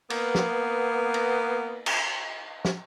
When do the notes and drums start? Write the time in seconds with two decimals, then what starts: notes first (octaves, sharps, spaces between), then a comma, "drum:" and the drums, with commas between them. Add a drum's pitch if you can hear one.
0.10 A#3 B3, drum: cymbal
0.35 drum: snare
1.14 drum: cymbal
1.86 drum: cymbal
2.65 drum: snare